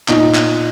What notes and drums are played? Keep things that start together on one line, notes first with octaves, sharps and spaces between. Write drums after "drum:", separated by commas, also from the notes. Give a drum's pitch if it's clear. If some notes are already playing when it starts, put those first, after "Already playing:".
A#2 D#4, drum: clap
drum: clap